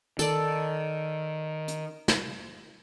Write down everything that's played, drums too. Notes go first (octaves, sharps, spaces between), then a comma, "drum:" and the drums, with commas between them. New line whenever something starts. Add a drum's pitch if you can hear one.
D#3 A4 D5, drum: tambourine
drum: hi-hat
drum: snare